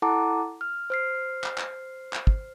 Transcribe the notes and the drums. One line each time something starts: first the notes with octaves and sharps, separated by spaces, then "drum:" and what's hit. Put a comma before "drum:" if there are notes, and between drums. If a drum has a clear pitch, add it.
E4 A4 F#5 A5 A#5 D6
F6
C5 F6 C7
drum: clap
drum: clap
drum: clap
drum: kick